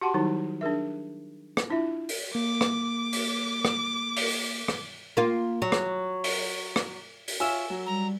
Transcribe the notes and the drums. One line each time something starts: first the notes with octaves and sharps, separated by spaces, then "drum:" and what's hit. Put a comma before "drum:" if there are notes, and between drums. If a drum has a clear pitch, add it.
F#4 G4 F#5 A5 C6
D#3 F#3 G3 D#4 E4 F#4
D4 G#4 A#4 E5
drum: rim click
D4 E4 F4 E5
drum: open hi-hat
A#3 D6
drum: rim click
drum: open hi-hat
drum: rim click
drum: open hi-hat
drum: rim click
A#3 F4
F#3
drum: rim click
drum: open hi-hat
drum: rim click
drum: open hi-hat
F4 C#5 E5 G#5 E6 E7
F#3
G3 A#5